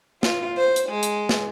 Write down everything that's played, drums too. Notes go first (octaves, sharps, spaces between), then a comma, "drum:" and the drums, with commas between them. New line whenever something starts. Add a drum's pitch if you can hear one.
F4, drum: snare
C5
drum: hi-hat
G#3
drum: hi-hat
drum: snare